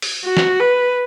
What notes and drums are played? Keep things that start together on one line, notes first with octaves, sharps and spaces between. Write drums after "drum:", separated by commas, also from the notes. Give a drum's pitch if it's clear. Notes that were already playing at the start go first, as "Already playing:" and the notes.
drum: open hi-hat
F#4
drum: snare
B4